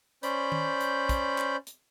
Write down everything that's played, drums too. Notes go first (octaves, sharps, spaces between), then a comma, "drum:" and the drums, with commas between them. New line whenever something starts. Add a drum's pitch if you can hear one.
C#4 C5 D5 B5 G6, drum: hi-hat
drum: tom D#3
drum: hi-hat
drum: kick, hi-hat
drum: clap
drum: hi-hat